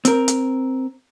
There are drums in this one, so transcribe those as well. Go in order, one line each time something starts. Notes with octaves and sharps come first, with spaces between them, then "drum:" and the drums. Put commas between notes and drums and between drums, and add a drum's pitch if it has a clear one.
C4 A#4, drum: hi-hat
drum: hi-hat